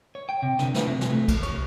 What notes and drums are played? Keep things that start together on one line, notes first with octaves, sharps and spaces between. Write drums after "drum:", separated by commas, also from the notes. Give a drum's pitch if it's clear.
C#5
G5
C3
D3, drum: snare
D3, drum: snare
C3
drum: snare
A3
drum: kick, cymbal
C#5, drum: cymbal